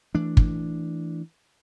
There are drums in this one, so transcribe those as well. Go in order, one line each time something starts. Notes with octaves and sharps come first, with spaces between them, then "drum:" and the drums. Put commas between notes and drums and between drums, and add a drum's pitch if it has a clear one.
E3 A3 D4
drum: kick